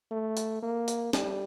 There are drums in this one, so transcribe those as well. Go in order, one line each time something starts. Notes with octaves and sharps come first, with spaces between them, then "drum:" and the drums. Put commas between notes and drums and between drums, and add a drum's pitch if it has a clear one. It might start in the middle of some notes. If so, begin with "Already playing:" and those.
A3
drum: hi-hat
A#3
drum: hi-hat
G3, drum: snare